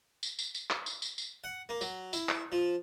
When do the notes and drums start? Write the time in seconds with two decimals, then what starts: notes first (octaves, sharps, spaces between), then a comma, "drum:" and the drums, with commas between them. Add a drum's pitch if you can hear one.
0.23 drum: tambourine
0.39 drum: tambourine
0.54 drum: tambourine
0.70 drum: clap
0.86 drum: tambourine
1.02 drum: tambourine
1.18 drum: tambourine
1.44 F#5
1.69 A#3
1.81 F#3, drum: tambourine
2.13 E4, drum: tambourine
2.29 drum: clap
2.52 F3